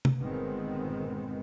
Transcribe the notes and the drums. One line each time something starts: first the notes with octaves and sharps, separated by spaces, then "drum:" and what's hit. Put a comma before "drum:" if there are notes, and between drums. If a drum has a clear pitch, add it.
drum: tom
G1 A#2 D#3 G#3 B3 C4